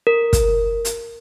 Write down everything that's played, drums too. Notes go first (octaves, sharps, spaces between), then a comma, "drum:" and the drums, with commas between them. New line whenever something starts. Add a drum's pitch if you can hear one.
A#4
drum: kick, hi-hat
drum: hi-hat